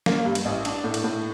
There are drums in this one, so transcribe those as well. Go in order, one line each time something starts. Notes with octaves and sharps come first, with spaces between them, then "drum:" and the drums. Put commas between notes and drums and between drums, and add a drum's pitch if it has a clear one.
A#3, drum: snare
G2
drum: cymbal
A1
D4, drum: cymbal
A2
drum: cymbal
A2